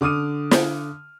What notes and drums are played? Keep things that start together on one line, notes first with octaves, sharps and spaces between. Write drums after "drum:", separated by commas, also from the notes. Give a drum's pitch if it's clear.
D3 D6 D#6 F6 D#7
drum: snare